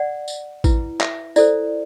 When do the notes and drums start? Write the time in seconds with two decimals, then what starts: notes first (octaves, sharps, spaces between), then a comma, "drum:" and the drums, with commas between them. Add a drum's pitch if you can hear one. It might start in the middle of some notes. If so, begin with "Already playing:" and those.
Already playing: D5 F#5
0.28 drum: tambourine
0.64 E4 B4, drum: kick A1, tambourine
1.00 E5, drum: clap
1.36 E4 A4 C5 D5, drum: tambourine